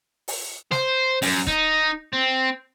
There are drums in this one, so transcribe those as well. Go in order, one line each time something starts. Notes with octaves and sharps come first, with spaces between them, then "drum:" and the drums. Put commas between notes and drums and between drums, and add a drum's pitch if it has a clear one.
drum: open hi-hat
C5, drum: snare
F#2, drum: open hi-hat
D#4, drum: kick C#1
C4